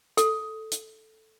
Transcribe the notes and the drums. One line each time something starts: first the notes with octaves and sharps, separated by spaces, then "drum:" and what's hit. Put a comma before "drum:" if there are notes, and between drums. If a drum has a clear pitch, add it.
A4, drum: hi-hat
drum: hi-hat